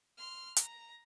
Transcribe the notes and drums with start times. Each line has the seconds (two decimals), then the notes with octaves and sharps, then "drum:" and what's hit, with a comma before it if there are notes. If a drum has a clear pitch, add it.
0.17 C6 F6
0.56 A#5, drum: hi-hat